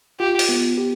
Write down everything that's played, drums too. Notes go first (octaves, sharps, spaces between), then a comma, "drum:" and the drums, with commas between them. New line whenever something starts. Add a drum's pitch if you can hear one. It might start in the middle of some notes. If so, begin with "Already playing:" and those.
F4 G4
drum: open hi-hat
B3
G4